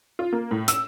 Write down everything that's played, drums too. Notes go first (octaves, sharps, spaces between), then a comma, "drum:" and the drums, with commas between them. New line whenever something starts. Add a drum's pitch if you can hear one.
F4
A#3
A2
E6, drum: hi-hat